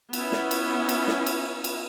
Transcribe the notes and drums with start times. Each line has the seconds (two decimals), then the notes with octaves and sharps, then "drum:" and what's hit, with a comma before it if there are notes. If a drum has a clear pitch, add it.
0.13 B3 C#4 E4, drum: cymbal
0.32 drum: snare
0.51 drum: cymbal
0.89 drum: cymbal
1.08 drum: snare
1.26 drum: cymbal
1.64 drum: cymbal